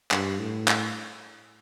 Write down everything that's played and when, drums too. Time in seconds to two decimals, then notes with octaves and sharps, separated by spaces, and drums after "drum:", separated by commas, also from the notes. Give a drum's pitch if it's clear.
0.11 G2, drum: clap
0.40 A2
0.68 drum: clap